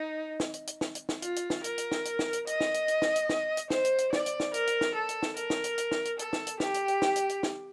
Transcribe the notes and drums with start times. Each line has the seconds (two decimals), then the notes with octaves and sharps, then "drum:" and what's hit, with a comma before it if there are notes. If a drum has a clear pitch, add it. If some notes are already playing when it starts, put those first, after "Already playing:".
Already playing: D#4
0.40 drum: snare
0.54 drum: hi-hat
0.67 drum: hi-hat
0.81 drum: snare
0.95 drum: hi-hat
1.09 drum: snare
1.22 F4, drum: hi-hat
1.36 drum: hi-hat
1.50 drum: snare
1.64 A#4, drum: hi-hat
1.78 drum: hi-hat
1.92 drum: snare
2.05 drum: hi-hat
2.19 drum: snare
2.33 drum: hi-hat
2.47 D#5, drum: hi-hat
2.60 drum: snare
2.74 drum: hi-hat
2.88 drum: hi-hat
3.02 drum: snare
3.16 drum: hi-hat
3.29 drum: snare
3.57 drum: hi-hat
3.70 C5, drum: snare
3.85 drum: hi-hat
3.98 drum: hi-hat
4.13 D5, drum: snare
4.26 drum: hi-hat
4.40 drum: snare
4.54 A#4, drum: hi-hat
4.67 drum: hi-hat
4.81 drum: snare
4.95 A4
5.09 drum: hi-hat
5.23 drum: snare
5.36 A#4, drum: hi-hat
5.50 drum: snare
5.64 drum: hi-hat
5.78 drum: hi-hat
5.91 drum: snare
6.05 drum: hi-hat
6.19 A4, drum: hi-hat
6.33 drum: snare
6.47 drum: hi-hat
6.60 G4, drum: snare
6.74 drum: hi-hat
6.88 drum: hi-hat
7.02 drum: snare
7.16 drum: hi-hat
7.29 drum: hi-hat
7.43 drum: snare